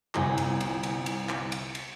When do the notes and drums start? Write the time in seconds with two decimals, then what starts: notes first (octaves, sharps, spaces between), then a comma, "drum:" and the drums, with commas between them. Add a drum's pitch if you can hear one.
0.15 G1 C2 G#5, drum: clap
0.38 drum: cymbal
0.60 drum: cymbal
0.83 drum: cymbal
1.06 drum: cymbal
1.29 drum: clap
1.52 drum: cymbal
1.75 drum: cymbal